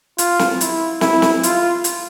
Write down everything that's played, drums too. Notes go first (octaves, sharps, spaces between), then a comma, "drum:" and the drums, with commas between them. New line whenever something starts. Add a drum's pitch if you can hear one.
F4, drum: hi-hat
drum: snare
E4, drum: hi-hat
E4, drum: snare
drum: snare
F4, drum: hi-hat
drum: hi-hat